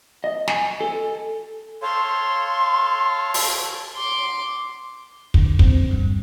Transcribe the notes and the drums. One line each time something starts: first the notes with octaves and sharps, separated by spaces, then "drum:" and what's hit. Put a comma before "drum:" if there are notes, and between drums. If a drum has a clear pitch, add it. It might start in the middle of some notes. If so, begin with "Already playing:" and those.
D#5
G#5, drum: snare
A4
A4 C#5 F5 C6
drum: open hi-hat
C6 D6
D3, drum: kick
C4, drum: kick
G2